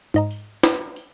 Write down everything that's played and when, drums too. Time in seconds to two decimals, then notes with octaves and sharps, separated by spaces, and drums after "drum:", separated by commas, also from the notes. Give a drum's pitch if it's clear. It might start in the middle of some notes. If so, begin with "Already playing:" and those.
0.14 G#2 D#5 A#5
0.31 drum: tambourine
0.63 drum: snare
0.96 drum: tambourine